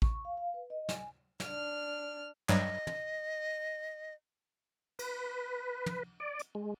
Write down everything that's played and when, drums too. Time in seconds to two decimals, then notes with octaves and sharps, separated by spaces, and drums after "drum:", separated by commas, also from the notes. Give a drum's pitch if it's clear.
0.02 C#6, drum: kick A1
0.25 F5
0.37 F5
0.54 B4
0.70 D#5
0.89 G#5, drum: snare
1.40 D4 F6, drum: snare
2.49 G2 F#3 G3 D#5, drum: clap
2.87 drum: tom
4.99 B4, drum: cymbal
5.86 drum: tom
6.20 D5
6.39 drum: hi-hat
6.55 G#3